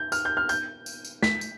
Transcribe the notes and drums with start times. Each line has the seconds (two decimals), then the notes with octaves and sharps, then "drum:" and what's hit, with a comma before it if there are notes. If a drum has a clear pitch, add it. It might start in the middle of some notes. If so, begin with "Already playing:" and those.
Already playing: G6
0.12 F6, drum: tambourine
0.25 G6
0.37 F6
0.49 G6, drum: tambourine
0.86 drum: tambourine
1.05 drum: tambourine
1.23 B6, drum: snare
1.41 drum: tambourine